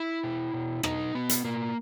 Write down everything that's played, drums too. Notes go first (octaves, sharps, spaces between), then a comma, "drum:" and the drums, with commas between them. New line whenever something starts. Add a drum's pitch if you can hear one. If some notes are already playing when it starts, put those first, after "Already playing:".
Already playing: E4
B2
B2
B2 D#4, drum: rim click
B2 B3
drum: hi-hat
B2 A#3